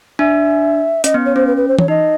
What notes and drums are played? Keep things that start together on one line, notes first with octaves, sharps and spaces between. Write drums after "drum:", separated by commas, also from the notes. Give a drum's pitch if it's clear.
D4 E5
C#4 D#5, drum: hi-hat
B3
C#5
C#4 C5
B4
B4
C5
C#5, drum: tom E3
D#4 D#5